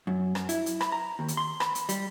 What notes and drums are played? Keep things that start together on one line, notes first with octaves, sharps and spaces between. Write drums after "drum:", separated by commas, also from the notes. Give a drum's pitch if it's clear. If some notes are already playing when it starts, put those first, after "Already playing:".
F#2
F#2, drum: rim click
E4, drum: hi-hat
drum: hi-hat
B5, drum: rim click
A#5
D#2
drum: hi-hat
C6
B5, drum: rim click
drum: hi-hat
G3, drum: hi-hat